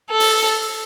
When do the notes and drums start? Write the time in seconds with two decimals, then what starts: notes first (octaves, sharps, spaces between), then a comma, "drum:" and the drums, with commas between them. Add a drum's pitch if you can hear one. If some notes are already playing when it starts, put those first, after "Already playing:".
0.10 A4
0.20 drum: open hi-hat